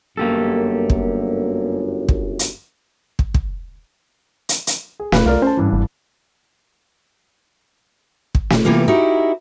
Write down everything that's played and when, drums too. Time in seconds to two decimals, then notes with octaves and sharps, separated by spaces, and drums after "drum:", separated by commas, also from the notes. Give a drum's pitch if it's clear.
0.17 G1 F#2 A#3 G4 A4
0.90 drum: kick
2.09 drum: kick
2.39 drum: hi-hat
3.19 drum: kick
3.34 drum: kick
4.49 drum: hi-hat
4.67 drum: hi-hat
5.00 G#4
5.12 F1 B4 F5, drum: snare
5.26 C2 F4 A#4 D5
5.42 C#4 C5 A5
5.57 G#1 G2 E3
5.73 G1
8.35 drum: kick
8.50 drum: snare
8.65 C3 E3 A#3 B3 F4
8.88 D#4 E4 F#4 G4 A#4